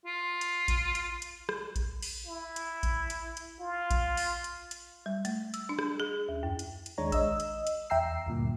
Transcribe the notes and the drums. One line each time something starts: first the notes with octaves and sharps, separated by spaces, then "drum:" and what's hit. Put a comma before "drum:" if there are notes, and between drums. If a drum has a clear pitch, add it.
F4
drum: hi-hat
drum: kick A#1, hi-hat
drum: hi-hat
drum: hi-hat
drum: rim click
drum: kick A#1, hi-hat
drum: open hi-hat
E4
drum: hi-hat
drum: kick A#1, hi-hat
drum: hi-hat
drum: hi-hat
F4
drum: kick A#1, hi-hat
drum: open hi-hat
drum: hi-hat
drum: hi-hat
G3
A3, drum: hi-hat
E6, drum: hi-hat
D4
drum: rim click
G#4
D#2
F#2
drum: hi-hat
drum: hi-hat
D#2 G#3 D4 C#5 A#5
D#5 E6, drum: kick A#1, hi-hat
drum: hi-hat
drum: hi-hat
E2 E5 G5 A#5 E6 C7
D2 G2 A#2